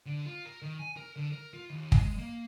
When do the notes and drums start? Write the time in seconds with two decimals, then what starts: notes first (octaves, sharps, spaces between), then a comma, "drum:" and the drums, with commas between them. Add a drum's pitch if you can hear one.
0.06 D3
0.26 F4
0.45 A#4
0.62 D#3
0.79 G#5
0.97 A#4
1.16 D3
1.32 A#4
1.54 F4
1.70 D#2
1.92 G#3, drum: kick
2.18 A#3